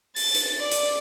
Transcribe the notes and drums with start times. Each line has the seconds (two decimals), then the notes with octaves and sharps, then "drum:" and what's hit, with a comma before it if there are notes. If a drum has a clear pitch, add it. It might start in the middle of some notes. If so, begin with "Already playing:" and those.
0.16 A6, drum: open hi-hat
0.35 drum: hi-hat
0.60 D5
0.71 drum: hi-hat